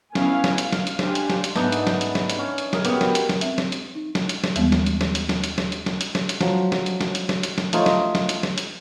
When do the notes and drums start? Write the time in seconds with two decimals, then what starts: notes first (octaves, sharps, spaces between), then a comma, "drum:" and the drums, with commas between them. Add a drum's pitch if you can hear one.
0.15 B3 C#4 E4 F5 G#5, drum: snare
0.44 drum: snare
0.58 F5, drum: hi-hat
0.72 drum: snare
0.87 drum: hi-hat
0.99 D4 G4 C5 F5 G#5, drum: snare
1.15 drum: hi-hat
1.30 drum: snare
1.44 drum: hi-hat
1.56 G#2 B3 D4 D#4 E5, drum: snare
1.72 drum: hi-hat
1.87 drum: snare
2.01 drum: hi-hat
2.15 drum: snare
2.30 drum: hi-hat
2.39 C#4
2.58 drum: hi-hat
2.73 G#4 A#4, drum: snare
2.85 B3 F#4 G4, drum: hi-hat
3.01 drum: snare
3.15 drum: hi-hat
3.29 drum: snare
3.41 C4 E5, drum: hi-hat
3.58 drum: snare
3.72 drum: hi-hat
3.95 D#4
4.15 drum: snare
4.29 drum: hi-hat
4.44 drum: snare
4.56 D#2 E3 G3 G#3 B3, drum: hi-hat
4.72 drum: snare
4.86 drum: hi-hat
5.01 drum: snare
5.15 drum: hi-hat
5.29 drum: snare
5.44 drum: hi-hat
5.58 drum: snare
5.72 drum: hi-hat
5.86 drum: snare
6.01 drum: hi-hat
6.15 drum: snare
6.29 drum: hi-hat
6.41 F3 F#3, drum: snare
6.72 drum: snare
6.86 drum: hi-hat
7.01 drum: snare
7.15 drum: hi-hat
7.29 drum: snare
7.43 drum: hi-hat
7.58 drum: snare
7.73 F3 A3 D#4 F4 C#5, drum: hi-hat
7.86 drum: snare
8.15 drum: snare
8.29 drum: hi-hat
8.43 drum: snare
8.58 drum: hi-hat